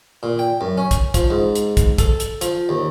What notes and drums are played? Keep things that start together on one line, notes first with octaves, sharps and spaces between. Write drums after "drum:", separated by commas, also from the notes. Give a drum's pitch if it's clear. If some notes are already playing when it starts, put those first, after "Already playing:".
A#2
G5
F#2
C#4
drum: kick, hi-hat
F3, drum: kick, hi-hat
G#2
drum: hi-hat
drum: kick, hi-hat
A4, drum: kick, hi-hat
drum: hi-hat
F3, drum: hi-hat
D#2